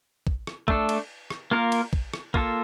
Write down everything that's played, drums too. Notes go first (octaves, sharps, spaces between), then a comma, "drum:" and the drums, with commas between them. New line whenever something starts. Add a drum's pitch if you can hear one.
drum: kick
drum: rim click
A3 D4 A4, drum: kick
drum: cymbal
drum: rim click
A#3 F4 A#4
drum: cymbal
drum: kick
drum: rim click
A#3 F4 A4, drum: kick